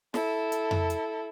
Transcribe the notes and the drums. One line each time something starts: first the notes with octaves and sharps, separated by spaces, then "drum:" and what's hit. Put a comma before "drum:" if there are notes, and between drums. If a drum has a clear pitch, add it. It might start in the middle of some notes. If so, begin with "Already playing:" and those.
E4 A4, drum: snare
drum: hi-hat
drum: tom F2
drum: hi-hat